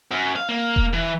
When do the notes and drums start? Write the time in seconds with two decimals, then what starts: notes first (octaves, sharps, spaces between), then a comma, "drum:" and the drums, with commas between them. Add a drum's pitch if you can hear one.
0.12 F#2
0.36 F5
0.49 A#3
0.76 drum: kick E1
0.94 E3